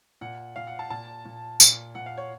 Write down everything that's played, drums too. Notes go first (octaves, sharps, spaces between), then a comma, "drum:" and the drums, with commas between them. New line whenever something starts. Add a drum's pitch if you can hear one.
A#2 F#5
A#2 F5
F#5
A5
A#2 A5
A#2
A#2, drum: tambourine
A#2 F#5
F5
C#5